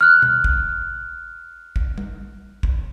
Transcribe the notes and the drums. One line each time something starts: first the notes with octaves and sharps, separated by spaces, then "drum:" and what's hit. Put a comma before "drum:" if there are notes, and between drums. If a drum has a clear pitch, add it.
F6 F#6
drum: tom B2
drum: kick
drum: kick
drum: tom G3
drum: kick